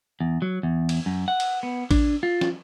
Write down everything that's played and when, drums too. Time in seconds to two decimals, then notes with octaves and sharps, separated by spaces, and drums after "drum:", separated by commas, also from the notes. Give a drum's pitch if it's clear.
0.21 E2
0.42 F#3
0.63 E2
0.89 drum: cymbal
1.06 F#2
1.28 F#5
1.40 drum: cymbal
1.63 B3
1.91 D4, drum: kick A1, cymbal
2.23 F4
2.41 drum: snare